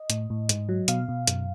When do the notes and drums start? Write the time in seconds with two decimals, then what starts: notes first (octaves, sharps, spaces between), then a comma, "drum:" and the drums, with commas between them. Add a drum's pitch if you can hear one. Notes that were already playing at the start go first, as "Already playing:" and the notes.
Already playing: D#5
0.10 A2, drum: hi-hat
0.30 A2
0.49 G#2, drum: hi-hat
0.69 F#3
0.88 B2 F5, drum: hi-hat
1.09 B2
1.27 F#2, drum: hi-hat